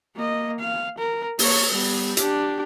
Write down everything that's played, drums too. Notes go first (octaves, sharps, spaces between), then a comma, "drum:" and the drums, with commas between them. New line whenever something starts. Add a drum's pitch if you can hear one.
A#3 D#5
F5
A#4
A#3 C#5, drum: open hi-hat
G3 B3
D4 G4, drum: hi-hat